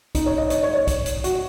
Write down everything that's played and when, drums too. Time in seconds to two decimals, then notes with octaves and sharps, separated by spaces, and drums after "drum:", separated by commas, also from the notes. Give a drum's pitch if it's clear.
0.15 D#4, drum: kick B1, hi-hat
0.26 C#5
0.38 D#5
0.50 C#5, drum: hi-hat
0.63 C#5
0.75 C#5
0.87 drum: kick B1, hi-hat
1.06 drum: hi-hat
1.24 F#4, drum: hi-hat